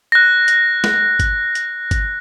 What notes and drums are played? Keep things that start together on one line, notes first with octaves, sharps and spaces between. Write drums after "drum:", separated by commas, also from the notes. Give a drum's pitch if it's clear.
F#6 A#6
drum: hi-hat
drum: snare
drum: kick, hi-hat
drum: hi-hat
drum: kick, hi-hat